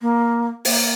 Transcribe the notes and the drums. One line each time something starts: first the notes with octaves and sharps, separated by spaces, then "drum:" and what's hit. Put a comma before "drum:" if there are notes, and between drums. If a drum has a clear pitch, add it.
A#3
A#3, drum: open hi-hat